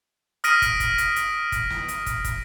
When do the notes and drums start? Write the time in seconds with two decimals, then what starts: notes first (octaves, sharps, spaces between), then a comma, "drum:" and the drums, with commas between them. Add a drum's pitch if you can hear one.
0.44 D#6 F6 A#6 B6 D7 D#7, drum: hi-hat
0.62 drum: kick, hi-hat
0.80 drum: kick, hi-hat
0.98 drum: hi-hat
1.16 drum: hi-hat
1.52 drum: kick, hi-hat
1.70 drum: snare
1.88 drum: hi-hat
2.06 drum: kick, hi-hat
2.24 drum: kick, hi-hat